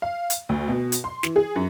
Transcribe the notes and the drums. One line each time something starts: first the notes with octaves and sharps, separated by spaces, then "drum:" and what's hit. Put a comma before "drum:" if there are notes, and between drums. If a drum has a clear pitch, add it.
F5
drum: hi-hat
D2
B2
drum: hi-hat
C6
E3, drum: snare
G#4
F#2